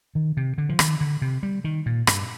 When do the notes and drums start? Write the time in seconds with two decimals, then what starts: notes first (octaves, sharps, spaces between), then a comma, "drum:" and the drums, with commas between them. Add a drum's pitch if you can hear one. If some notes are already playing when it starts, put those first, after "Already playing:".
0.15 D#3
0.37 C3
0.58 D3
0.69 F3
0.79 D#3, drum: rim click
1.01 D3
1.22 C3
1.43 G3
1.64 D#3
1.86 A#2
2.07 G2, drum: rim click